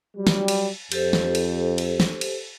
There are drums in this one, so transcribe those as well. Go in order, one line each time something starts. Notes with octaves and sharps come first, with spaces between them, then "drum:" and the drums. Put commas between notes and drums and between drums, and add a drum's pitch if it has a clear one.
F#3 G3
drum: snare
drum: cymbal
F2 G4 A4 C5, drum: cymbal
drum: snare
drum: cymbal
drum: cymbal
drum: snare
drum: cymbal